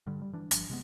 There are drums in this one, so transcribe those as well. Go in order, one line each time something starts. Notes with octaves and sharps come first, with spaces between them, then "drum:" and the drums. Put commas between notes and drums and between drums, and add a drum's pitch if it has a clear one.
G2 D3 G3
G3
E3 D4
G1 G2 F3 D4, drum: hi-hat
C3 G#3 B3